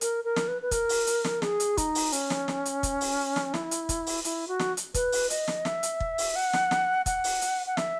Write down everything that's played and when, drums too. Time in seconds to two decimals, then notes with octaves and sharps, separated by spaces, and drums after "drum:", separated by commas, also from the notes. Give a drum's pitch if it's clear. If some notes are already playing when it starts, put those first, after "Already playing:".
0.01 A#4, drum: hi-hat
0.24 A#4
0.36 drum: snare
0.48 B4
0.62 B4
0.71 A#4, drum: kick, hi-hat
0.89 drum: open hi-hat
1.07 drum: hi-hat
1.24 drum: snare
1.42 G#4, drum: snare
1.60 drum: hi-hat
1.77 D#4, drum: kick, hi-hat
1.95 drum: open hi-hat
2.12 C#4, drum: hi-hat
2.30 drum: snare
2.48 drum: snare
2.65 drum: hi-hat
2.83 drum: kick, hi-hat
3.01 drum: open hi-hat
3.36 drum: snare
3.54 E4, drum: snare
3.71 drum: hi-hat
3.89 drum: kick, hi-hat
4.07 drum: open hi-hat
4.24 E4, drum: hi-hat
4.48 F#4
4.59 drum: snare
4.77 drum: hi-hat
4.94 B4, drum: kick, hi-hat
5.12 drum: open hi-hat
5.30 D#5, drum: hi-hat
5.48 drum: snare
5.65 E5, drum: snare
5.83 drum: hi-hat
6.00 drum: kick
6.18 drum: open hi-hat
6.36 F#5
6.53 drum: snare
6.71 drum: snare
7.06 F#5, drum: kick, hi-hat
7.24 drum: open hi-hat
7.41 drum: hi-hat
7.67 F#5
7.77 E5, drum: snare